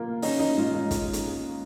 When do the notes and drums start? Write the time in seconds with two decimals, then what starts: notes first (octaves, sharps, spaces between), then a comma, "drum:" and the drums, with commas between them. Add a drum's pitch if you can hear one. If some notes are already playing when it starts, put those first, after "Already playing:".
Already playing: A#3 F4
0.22 C#4 D#4, drum: open hi-hat
0.40 D#4
0.57 G#2 F4
0.74 D#4
0.91 drum: kick, hi-hat
1.13 drum: hi-hat